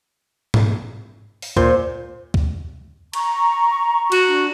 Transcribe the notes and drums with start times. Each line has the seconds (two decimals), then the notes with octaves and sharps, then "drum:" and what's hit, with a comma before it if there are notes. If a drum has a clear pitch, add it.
0.54 drum: tom G#2
1.42 drum: open hi-hat
1.57 A#2 C5, drum: kick
2.34 drum: kick
3.13 A#5 C#6, drum: cymbal
4.12 F#4, drum: cymbal
4.25 D4